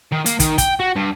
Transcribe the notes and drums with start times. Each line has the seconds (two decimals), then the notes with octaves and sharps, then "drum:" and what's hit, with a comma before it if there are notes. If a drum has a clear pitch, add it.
0.12 D#3
0.26 A#3, drum: hi-hat
0.40 D#3, drum: kick, hi-hat
0.58 G5, drum: kick, hi-hat
0.80 F#4
0.96 G2